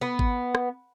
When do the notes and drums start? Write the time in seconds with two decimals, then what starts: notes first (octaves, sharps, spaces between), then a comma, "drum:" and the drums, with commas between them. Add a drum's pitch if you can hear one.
0.01 B3
0.19 drum: kick G#1
0.55 drum: rim click